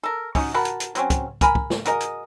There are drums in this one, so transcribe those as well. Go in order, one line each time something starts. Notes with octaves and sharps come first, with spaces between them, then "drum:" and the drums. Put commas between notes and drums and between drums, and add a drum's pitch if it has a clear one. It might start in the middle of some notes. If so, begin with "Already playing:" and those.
A4 A#4
C#4 D#4 F#4, drum: kick, open hi-hat
F#4 A#4 A5 B5
drum: hi-hat
drum: hi-hat
F#3 C4 C#4, drum: hi-hat
drum: kick, hi-hat
A#4 G#5 A#5 B5, drum: kick, hi-hat
drum: kick
drum: snare
F#4 G#4 A#4 D#5, drum: hi-hat
drum: hi-hat